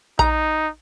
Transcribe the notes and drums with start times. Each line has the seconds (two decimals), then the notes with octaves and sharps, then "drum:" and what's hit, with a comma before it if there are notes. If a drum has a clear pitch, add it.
0.19 D#4 A#5, drum: kick A#1